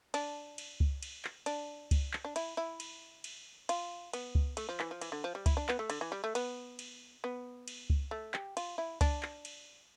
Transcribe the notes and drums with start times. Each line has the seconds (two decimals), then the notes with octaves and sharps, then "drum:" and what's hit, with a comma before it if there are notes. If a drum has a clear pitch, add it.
0.14 D4, drum: cymbal
0.58 drum: cymbal
0.80 drum: kick C#2
1.03 drum: cymbal
1.25 drum: clap
1.46 D4, drum: cymbal
1.91 drum: kick C#2, cymbal
2.13 drum: clap
2.25 D4
2.36 E4, drum: cymbal
2.57 E4
2.80 drum: cymbal
3.24 drum: cymbal
3.69 F4, drum: cymbal
4.13 B3, drum: cymbal
4.35 drum: kick C#2
4.57 A3, drum: cymbal
4.69 F3
4.80 E3, drum: clap
4.91 F3
5.02 E3, drum: cymbal
5.12 D3
5.24 F3
5.35 G3
5.46 E4, drum: kick C#2, cymbal
5.57 D4
5.69 B3, drum: clap
5.79 A3
5.90 D3, drum: cymbal
6.01 E3
6.12 G3
6.24 A3
6.35 B3, drum: cymbal
6.79 drum: cymbal
7.24 B3
7.68 drum: cymbal
7.90 drum: kick C#2
8.11 A3
8.34 G4, drum: clap
8.57 F4, drum: cymbal
8.78 E4
9.01 D4, drum: kick C#2, cymbal
9.23 drum: clap
9.45 drum: cymbal